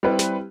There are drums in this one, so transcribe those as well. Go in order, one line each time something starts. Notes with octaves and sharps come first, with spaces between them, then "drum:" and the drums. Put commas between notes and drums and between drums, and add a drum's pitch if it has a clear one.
G3 C4 E4 B4
drum: snare